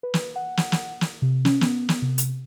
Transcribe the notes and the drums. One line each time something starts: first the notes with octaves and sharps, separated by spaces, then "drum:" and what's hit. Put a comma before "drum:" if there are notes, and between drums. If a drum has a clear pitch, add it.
B4
drum: snare
F#5
drum: snare
drum: snare
drum: snare
C3
C#4, drum: snare
B3, drum: snare
drum: snare
C3
drum: hi-hat